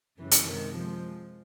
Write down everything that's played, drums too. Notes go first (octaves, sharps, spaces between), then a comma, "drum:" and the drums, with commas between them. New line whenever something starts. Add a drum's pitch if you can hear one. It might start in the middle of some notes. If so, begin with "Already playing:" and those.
F#2 C#3 E3 G3
drum: hi-hat
C3 D#3 G#3
F3 G#3